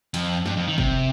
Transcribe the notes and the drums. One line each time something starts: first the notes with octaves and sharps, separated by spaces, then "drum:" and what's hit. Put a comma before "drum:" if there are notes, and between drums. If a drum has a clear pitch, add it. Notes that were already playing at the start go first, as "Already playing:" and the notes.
F2, drum: hi-hat
G2, drum: snare
F2
D#3
C3, drum: kick